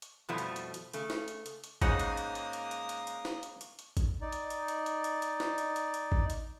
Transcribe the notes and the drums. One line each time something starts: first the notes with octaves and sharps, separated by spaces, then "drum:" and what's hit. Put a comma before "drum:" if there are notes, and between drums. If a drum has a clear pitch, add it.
drum: hi-hat
F2 B2 F3 G3 A3 E4
drum: hi-hat
drum: hi-hat
drum: hi-hat
C#3 A3, drum: hi-hat
drum: snare
drum: hi-hat
drum: hi-hat
drum: hi-hat
G#2 C#3 A#3 D#4 F#5 D#6, drum: kick A1, hi-hat
drum: hi-hat
drum: hi-hat
drum: hi-hat
drum: hi-hat
drum: hi-hat
drum: hi-hat
drum: hi-hat
drum: snare
drum: hi-hat
drum: hi-hat
drum: hi-hat
drum: kick A1, hi-hat
D#4 D5
drum: hi-hat
drum: hi-hat
drum: hi-hat
drum: hi-hat
drum: hi-hat
drum: hi-hat
drum: snare
drum: hi-hat
drum: hi-hat
drum: hi-hat
drum: kick A1
drum: hi-hat